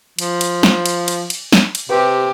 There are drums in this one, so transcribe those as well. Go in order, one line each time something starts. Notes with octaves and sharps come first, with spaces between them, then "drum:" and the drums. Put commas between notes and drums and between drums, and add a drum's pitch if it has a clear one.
F3, drum: cymbal
drum: cymbal
drum: snare
drum: cymbal
drum: cymbal
drum: cymbal
drum: snare
drum: cymbal
C3 G4 B4